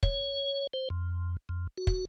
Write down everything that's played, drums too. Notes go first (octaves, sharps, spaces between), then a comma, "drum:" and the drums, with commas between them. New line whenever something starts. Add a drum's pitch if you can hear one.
C#5, drum: kick
C5
F2
F2
F#4
drum: kick